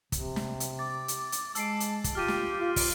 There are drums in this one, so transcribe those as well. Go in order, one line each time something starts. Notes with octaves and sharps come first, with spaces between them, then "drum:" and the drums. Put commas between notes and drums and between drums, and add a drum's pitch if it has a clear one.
C3, drum: kick, hi-hat
drum: snare
drum: hi-hat
D6 A6
drum: hi-hat
drum: hi-hat
G#3 A5 E6 C7 D7, drum: hi-hat
drum: hi-hat
drum: kick, hi-hat
F4 G4 F6 A6 D#7
drum: snare
F4
drum: kick, open hi-hat